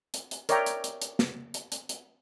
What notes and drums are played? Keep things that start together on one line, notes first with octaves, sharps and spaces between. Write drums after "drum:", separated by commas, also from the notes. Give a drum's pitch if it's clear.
drum: hi-hat
drum: hi-hat
A#4 C#5 D5 E5 G5 A#5, drum: hi-hat
drum: hi-hat
drum: hi-hat
drum: hi-hat
drum: snare
drum: hi-hat
drum: hi-hat
drum: hi-hat